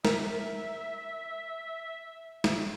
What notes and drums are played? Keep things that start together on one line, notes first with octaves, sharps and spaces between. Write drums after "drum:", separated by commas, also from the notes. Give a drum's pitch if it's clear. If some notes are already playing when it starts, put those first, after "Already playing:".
A#4 E5, drum: snare
drum: snare